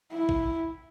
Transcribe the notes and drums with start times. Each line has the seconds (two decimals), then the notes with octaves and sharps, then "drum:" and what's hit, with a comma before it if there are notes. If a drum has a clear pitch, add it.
0.12 E4
0.29 drum: kick A1